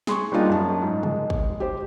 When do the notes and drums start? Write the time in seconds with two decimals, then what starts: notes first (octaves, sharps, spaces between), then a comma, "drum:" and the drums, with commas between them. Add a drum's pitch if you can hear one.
0.07 G#4 C6 C#6, drum: snare
0.32 G3 A#3 D4 D#4 F4 G#4
0.49 F#2 A5
0.82 G#2
1.03 G#3, drum: tom C3
1.30 drum: kick
1.60 G4 C5